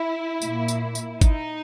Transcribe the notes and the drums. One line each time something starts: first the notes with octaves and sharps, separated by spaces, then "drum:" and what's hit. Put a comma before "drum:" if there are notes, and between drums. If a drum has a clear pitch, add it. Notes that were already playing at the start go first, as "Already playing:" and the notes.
Already playing: E4
A#2, drum: tambourine
drum: tambourine
drum: tambourine
D#4, drum: kick, tambourine